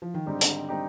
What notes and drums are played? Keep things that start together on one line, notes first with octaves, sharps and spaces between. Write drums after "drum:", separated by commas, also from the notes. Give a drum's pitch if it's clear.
F3
D#3
G#2 D3 G3 C4 D#4 G4
drum: hi-hat
G3 C4 D#4 G4